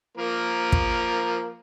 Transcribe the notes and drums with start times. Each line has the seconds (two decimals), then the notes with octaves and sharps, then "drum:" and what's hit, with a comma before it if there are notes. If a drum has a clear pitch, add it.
0.17 F3 A#3 A#4
0.72 drum: kick